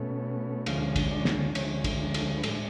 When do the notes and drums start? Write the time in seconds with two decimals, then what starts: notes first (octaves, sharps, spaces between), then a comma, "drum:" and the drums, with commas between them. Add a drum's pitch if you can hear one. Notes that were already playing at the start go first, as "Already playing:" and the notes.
Already playing: B2 A3 C#4
0.66 D2 D3 F3 G#3 C#4 F5, drum: cymbal
0.96 drum: kick, cymbal
1.11 D5
1.25 drum: snare
1.55 D2 D3 F3 G#3 C#4 C#5, drum: cymbal
1.84 drum: kick, cymbal
2.14 A4, drum: cymbal
2.38 B4
2.43 A2 G#3 D4 A4, drum: cymbal